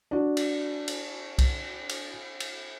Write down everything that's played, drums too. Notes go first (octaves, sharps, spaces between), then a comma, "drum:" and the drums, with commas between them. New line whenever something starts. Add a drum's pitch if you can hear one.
D4 F#4
drum: cymbal
drum: cymbal
drum: kick, cymbal
drum: cymbal
drum: cymbal